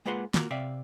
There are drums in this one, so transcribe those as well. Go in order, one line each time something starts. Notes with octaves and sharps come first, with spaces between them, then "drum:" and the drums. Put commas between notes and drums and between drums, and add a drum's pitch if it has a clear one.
G#3 A#3 F4 B4 F#5 C6
A#3 F4 F#4 A#4, drum: snare
C3 D5 E5 F5